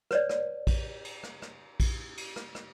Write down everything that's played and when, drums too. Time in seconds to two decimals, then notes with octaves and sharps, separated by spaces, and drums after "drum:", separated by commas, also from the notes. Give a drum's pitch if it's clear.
0.11 B4 C#5 D5, drum: rim click
0.29 drum: rim click
0.67 drum: kick A#1, cymbal
1.05 drum: cymbal
1.23 drum: rim click
1.42 drum: rim click
1.80 drum: kick A#1, cymbal
2.17 drum: cymbal
2.36 drum: rim click
2.55 drum: rim click